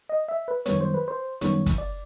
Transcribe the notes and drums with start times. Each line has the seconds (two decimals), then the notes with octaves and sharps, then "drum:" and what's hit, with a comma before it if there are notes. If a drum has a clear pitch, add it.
0.09 D#5
0.28 E5
0.48 B4
0.66 F#2 D#3 G3 B3 C#5, drum: hi-hat
0.81 C5
0.94 B4
1.08 C5
1.41 F#2 D#3 G3 B3 C#5, drum: hi-hat
1.66 drum: kick, hi-hat
1.78 D5